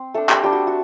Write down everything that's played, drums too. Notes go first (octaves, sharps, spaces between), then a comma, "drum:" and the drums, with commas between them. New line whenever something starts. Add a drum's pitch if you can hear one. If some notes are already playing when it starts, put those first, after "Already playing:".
Already playing: C4
A3 D4 A4
G4, drum: clap
G3 D4 G4
F#4
F#4